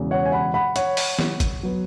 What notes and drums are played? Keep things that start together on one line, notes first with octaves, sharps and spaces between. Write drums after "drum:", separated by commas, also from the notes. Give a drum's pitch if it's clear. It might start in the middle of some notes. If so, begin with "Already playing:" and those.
Already playing: E1 E2 C#3
C#5 F#5
G#5
F#5 B5
F#5 B5
C#5 F#5, drum: hi-hat
drum: open hi-hat
drum: snare
drum: kick, hi-hat
F#3 B3